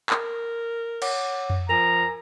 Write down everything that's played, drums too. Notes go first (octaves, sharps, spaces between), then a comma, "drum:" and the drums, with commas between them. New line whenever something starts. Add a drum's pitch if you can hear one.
A#4, drum: clap
C#5 F#5 D6, drum: cymbal
drum: tom F2
F3 A#4 G#5 A#5